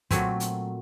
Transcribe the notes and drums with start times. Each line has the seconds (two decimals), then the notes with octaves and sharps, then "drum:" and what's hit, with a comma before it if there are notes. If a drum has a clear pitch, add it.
0.11 A#2 F#3 A3 C4 G#5, drum: kick, hi-hat
0.40 drum: hi-hat